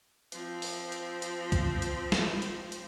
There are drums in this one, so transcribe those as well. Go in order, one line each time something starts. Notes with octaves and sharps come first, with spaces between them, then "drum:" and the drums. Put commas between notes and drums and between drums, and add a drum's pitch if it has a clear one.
F3 C4, drum: hi-hat
drum: open hi-hat
drum: hi-hat
drum: hi-hat
drum: kick, hi-hat
drum: hi-hat
drum: snare
drum: hi-hat
drum: hi-hat